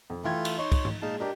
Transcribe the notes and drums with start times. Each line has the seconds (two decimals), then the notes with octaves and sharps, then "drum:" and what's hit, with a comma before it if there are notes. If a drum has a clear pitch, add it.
0.10 F2
0.24 E3 A3 F4 G5 G#6
0.45 drum: cymbal
0.58 D#4 C#5 C6
0.72 drum: kick, cymbal
0.85 drum: tom G#2
1.02 A#2 G#3 D#4 F5 A5
1.20 D4 G4 A#4 D#5